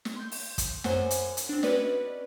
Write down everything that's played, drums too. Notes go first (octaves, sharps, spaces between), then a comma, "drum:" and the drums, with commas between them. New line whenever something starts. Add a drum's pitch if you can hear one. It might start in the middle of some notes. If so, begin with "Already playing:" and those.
drum: snare
C6 G6
drum: open hi-hat
drum: kick, hi-hat
F#2 C5 F#5 G#5, drum: snare
drum: hi-hat
drum: hi-hat
C4 D4
C#4 F#4 B4 D5 D#5, drum: snare